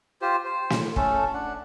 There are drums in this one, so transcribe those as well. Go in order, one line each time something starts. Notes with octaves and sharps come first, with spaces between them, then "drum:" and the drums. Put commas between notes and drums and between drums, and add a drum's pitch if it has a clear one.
F4 G4 C5
C5
drum: snare
A3 C#4 A4, drum: kick
D4 F#5